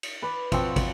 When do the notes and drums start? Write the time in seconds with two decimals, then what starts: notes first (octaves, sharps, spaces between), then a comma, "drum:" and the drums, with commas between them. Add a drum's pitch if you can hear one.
0.03 drum: cymbal
0.22 B4 D5
0.52 F3 C4 F#4, drum: kick, cymbal
0.76 drum: kick, cymbal